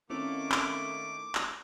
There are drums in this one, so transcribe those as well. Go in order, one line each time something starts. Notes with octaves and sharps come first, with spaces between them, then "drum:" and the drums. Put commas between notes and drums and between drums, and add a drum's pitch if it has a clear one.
D#3 A3 A#3 C4 C#4 E4 D6
drum: clap
drum: clap